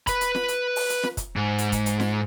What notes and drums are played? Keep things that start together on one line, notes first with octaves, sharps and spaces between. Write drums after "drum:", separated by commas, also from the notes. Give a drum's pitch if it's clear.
B4 B5, drum: kick, hi-hat
drum: hi-hat
drum: snare
drum: hi-hat
drum: open hi-hat
drum: hi-hat
drum: snare
drum: kick, hi-hat
G#2
drum: hi-hat
drum: kick, hi-hat
drum: hi-hat
drum: snare